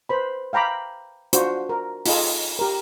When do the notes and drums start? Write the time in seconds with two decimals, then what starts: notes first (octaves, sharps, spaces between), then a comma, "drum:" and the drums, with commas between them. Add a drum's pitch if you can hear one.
0.09 B4 C5 B5
0.53 F5 G5 A#5 B5 D6
1.33 D4 F4 F#4 C5, drum: hi-hat
1.69 A#4
2.06 D#4 F4 G#4 A4 D#5, drum: open hi-hat
2.59 G4 A#4